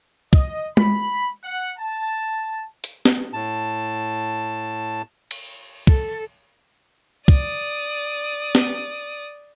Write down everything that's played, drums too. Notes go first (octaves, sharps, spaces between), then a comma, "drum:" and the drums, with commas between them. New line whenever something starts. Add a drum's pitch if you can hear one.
D#5, drum: kick
B5, drum: tom G#3
F#5
A5
drum: hi-hat
drum: snare
A2 A5
drum: cymbal
A4, drum: kick
D5 D#6, drum: kick
drum: snare